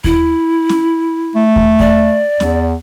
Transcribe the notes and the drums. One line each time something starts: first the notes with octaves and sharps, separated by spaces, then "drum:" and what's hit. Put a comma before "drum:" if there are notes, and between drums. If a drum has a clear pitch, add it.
E4, drum: kick D#2
drum: snare C#4
A3
drum: kick D#2
D5, drum: kick D#2
E2, drum: snare C#4